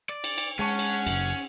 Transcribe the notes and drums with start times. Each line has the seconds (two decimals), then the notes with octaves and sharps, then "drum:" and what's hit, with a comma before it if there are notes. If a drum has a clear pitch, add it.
0.09 D5
0.24 drum: cymbal
0.38 drum: cymbal
0.59 G#3 C#4 F#5 A5 C#6
0.79 drum: cymbal
0.89 F#5
1.06 F#1 F#2, drum: cymbal